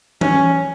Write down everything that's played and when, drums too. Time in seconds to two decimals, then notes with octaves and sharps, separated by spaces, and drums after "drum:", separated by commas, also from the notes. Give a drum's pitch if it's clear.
0.21 C#4, drum: tom